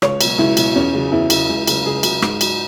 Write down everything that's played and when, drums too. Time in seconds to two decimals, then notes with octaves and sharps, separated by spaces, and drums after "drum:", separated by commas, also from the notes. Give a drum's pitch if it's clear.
0.02 C#2 C#5, drum: rim click
0.21 B2 F#3, drum: cymbal
0.38 C#2 E4
0.57 B2 F#3, drum: cymbal
0.75 E2 C#4
0.93 C#3 F#3
1.11 E2 E4
1.30 C#3 F#3, drum: cymbal
1.49 C#2
1.67 C#3 F#3, drum: cymbal
1.86 C#2 G#4
2.03 C#3 F#3, drum: cymbal
2.22 G#2, drum: rim click
2.41 F#3, drum: cymbal